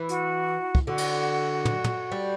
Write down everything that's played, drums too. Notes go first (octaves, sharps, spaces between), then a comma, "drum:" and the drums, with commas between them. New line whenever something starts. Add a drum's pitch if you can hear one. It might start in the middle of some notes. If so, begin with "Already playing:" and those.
Already playing: E3
F#4, drum: hi-hat
drum: kick
D3 F#4
drum: cymbal
drum: tom
drum: tom
G3